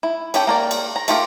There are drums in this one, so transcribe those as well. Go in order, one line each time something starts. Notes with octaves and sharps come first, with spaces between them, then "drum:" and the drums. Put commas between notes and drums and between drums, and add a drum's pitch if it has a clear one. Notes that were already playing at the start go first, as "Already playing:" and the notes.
E4
C#4 G4 A4 G5, drum: cymbal
A#3 A#4 D5
drum: cymbal
A#5
A3 F4 G4 A#4, drum: cymbal